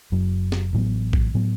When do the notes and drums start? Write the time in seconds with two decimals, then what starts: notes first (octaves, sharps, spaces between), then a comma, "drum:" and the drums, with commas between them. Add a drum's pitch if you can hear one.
0.12 F#1 F#2 F#3
0.52 drum: snare
0.73 A1 A2 F#3 B3
1.13 drum: kick A1
1.34 A2 F#3 B3